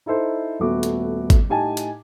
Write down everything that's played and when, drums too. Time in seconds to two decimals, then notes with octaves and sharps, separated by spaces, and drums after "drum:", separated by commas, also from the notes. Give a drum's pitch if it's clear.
0.06 D#4 E4 A4 C5
0.60 D#1 A3 B3 F#4 D6
0.83 drum: hi-hat
1.30 drum: kick, hi-hat
1.49 A2 D#4 G4 G#5 A5
1.77 drum: hi-hat